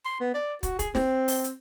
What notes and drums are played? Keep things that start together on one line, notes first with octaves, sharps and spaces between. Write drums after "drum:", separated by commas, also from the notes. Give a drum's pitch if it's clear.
C6
B3
D5
F#4, drum: kick, hi-hat
G#4, drum: kick, hi-hat
C4, drum: snare
drum: open hi-hat
drum: hi-hat